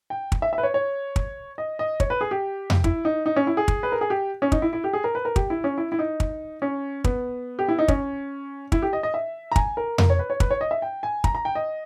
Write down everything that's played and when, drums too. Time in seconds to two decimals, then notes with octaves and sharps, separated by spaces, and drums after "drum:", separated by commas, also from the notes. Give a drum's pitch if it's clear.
0.10 G5
0.32 drum: kick
0.42 E5
0.53 E5
0.58 B4
0.63 C#5
0.74 C#5
1.16 drum: kick
1.58 D#5
1.79 D#5
2.00 C#5, drum: kick
2.10 B4
2.21 G#4
2.31 G4
2.70 drum: tom F2
2.84 E4, drum: kick
3.05 D#4
3.26 D#4
3.36 C#4
3.47 E4
3.57 G#4
3.68 drum: kick
3.83 B4
3.92 A#4
4.01 G#4
4.10 G4
4.42 C#4
4.52 D#4, drum: kick
4.62 E4
4.73 E4
4.84 G4
4.93 G#4
5.04 A#4
5.15 B4
5.25 A#4
5.36 G4, drum: kick
5.50 E4
5.64 C#4
5.78 E4
5.92 E4
5.99 D#4
6.20 drum: kick
6.62 C#4
7.04 B3, drum: kick
7.59 G4
7.69 E4
7.79 D#4
7.88 C#4, drum: kick
8.72 E4, drum: kick
8.82 G4
8.93 D#5
9.03 D#5
9.14 E5
9.52 A#5
9.56 G#5, drum: kick
9.77 A#4
9.98 A#4, drum: tom F2
10.10 C#5
10.19 B4
10.30 C#5
10.40 B4, drum: kick
10.50 C#5
10.61 D#5
10.71 E5
10.82 G5
11.03 G#5
11.24 A#5, drum: kick
11.35 A#5
11.45 G5
11.55 D#5